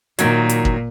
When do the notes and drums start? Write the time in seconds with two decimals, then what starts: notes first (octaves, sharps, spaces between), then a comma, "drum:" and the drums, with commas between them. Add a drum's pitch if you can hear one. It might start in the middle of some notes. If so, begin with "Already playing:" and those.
0.19 A#2 D#3 F#3, drum: hi-hat
0.49 drum: hi-hat
0.65 drum: kick